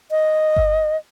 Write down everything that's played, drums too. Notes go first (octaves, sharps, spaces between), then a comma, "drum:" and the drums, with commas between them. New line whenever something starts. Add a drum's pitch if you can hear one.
D#5
drum: kick G1